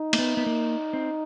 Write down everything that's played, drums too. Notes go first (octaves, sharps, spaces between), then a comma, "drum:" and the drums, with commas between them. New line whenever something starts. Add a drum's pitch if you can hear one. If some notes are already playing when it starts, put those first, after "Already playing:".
Already playing: D#4
A#3, drum: cymbal
B3
B3
A#3
C4